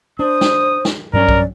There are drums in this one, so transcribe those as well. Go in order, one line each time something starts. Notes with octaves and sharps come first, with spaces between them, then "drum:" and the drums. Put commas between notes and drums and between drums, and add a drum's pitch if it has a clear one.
D4 C5 D#6
drum: snare
drum: snare
G2 F#3 C#4 A#4 D5
drum: kick B1